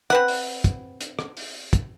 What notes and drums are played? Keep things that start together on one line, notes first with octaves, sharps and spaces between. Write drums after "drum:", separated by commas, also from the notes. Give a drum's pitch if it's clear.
C4 B4 F#5, drum: rim click
drum: open hi-hat
drum: kick, hi-hat
drum: hi-hat
drum: rim click
drum: open hi-hat
drum: kick, hi-hat